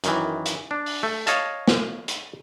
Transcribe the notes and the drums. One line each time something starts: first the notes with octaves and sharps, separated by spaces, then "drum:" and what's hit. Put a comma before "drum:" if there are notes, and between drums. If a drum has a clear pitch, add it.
F#2 D#3 E3, drum: hi-hat
drum: hi-hat
D4
drum: open hi-hat
A3
C#5 D#5 F5 A5, drum: hi-hat
drum: snare
drum: hi-hat